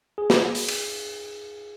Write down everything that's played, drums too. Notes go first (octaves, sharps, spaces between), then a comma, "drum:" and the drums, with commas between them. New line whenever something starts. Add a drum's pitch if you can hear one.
G#4
drum: snare
drum: open hi-hat
drum: cymbal